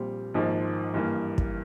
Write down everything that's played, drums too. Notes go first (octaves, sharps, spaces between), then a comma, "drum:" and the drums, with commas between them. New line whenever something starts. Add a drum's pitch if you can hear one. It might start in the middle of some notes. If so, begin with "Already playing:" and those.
Already playing: A#1 A#2 G3 C4
G#1 G#2 F3 A#3
G2 E3 A#3
drum: kick